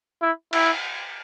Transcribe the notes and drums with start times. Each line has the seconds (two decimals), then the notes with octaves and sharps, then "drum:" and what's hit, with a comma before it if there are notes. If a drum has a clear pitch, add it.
0.22 E4
0.53 E4, drum: cymbal